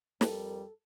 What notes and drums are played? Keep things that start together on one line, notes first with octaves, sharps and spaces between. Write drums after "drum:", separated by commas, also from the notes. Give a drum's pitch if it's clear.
F2 G3 A4 A#4, drum: snare